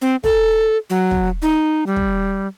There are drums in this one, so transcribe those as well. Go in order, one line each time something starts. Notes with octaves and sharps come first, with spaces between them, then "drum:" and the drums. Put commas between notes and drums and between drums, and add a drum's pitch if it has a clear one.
C4
A4, drum: kick
F#3
drum: kick
D#4
G3
drum: kick